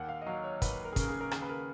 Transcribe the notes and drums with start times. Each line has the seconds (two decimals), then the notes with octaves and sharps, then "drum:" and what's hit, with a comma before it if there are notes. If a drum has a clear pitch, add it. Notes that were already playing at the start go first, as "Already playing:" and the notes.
Already playing: D#2 F#5
0.09 F5
0.22 D#5
0.26 F#3 F5
0.44 C#5
0.62 D#2 B4, drum: kick, hi-hat
0.85 A#4
0.93 G#4
0.96 C#3 A#4, drum: kick, hi-hat
1.09 G#4
1.21 A#4
1.31 D#2 G#4, drum: rim click
1.42 B4
1.49 A#4